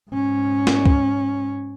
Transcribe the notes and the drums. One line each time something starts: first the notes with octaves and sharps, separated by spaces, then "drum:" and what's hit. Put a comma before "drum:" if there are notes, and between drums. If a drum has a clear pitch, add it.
G#2 C#4
drum: snare
drum: kick C#2